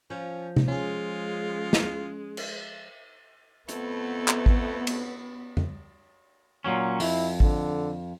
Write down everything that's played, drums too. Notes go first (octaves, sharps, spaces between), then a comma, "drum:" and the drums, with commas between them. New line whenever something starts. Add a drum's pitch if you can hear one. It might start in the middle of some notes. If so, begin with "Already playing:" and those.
F3 C#4
drum: tom C3
G#3 C#4 F4 G#4
drum: snare
drum: cymbal
F2 A3 B3, drum: hi-hat
drum: clap
drum: kick G#1
drum: cymbal
drum: tom F2
A#2 F#3 C#4
F2 E4, drum: open hi-hat
D3, drum: kick G#1